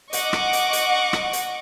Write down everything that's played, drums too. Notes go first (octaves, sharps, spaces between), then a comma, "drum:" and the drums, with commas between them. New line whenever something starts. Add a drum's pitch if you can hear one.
D#5 F#5 C#6 D6, drum: hi-hat
drum: rim click
drum: hi-hat
drum: hi-hat
drum: rim click
drum: hi-hat